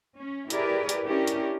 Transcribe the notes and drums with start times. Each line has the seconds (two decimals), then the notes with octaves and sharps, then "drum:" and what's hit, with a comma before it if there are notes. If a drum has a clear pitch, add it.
0.19 C#4
0.50 E4 G4 G#4 A#4 B4 D5, drum: hi-hat
0.89 drum: hi-hat
1.05 C#4 D4 E4 G4 A#4
1.27 drum: hi-hat